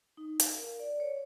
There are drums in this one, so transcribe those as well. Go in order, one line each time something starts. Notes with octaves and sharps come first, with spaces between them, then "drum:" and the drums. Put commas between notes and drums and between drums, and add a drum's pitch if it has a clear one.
D#4
F5, drum: hi-hat
A#4
D5
C#5